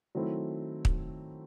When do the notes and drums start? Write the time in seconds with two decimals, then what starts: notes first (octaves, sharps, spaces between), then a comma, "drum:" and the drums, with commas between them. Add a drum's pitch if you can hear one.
0.15 D#3 F#3 A3 C4 E4
0.85 drum: kick